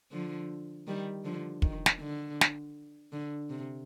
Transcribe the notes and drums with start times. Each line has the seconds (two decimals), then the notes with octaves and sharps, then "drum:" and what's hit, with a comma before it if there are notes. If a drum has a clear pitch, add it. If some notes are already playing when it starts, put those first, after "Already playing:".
0.11 D3 F3
0.87 D#3 G3
1.24 D3 F3
1.62 D#3, drum: kick
1.86 drum: snare
2.00 D3
2.41 drum: snare
3.12 D3
3.50 C3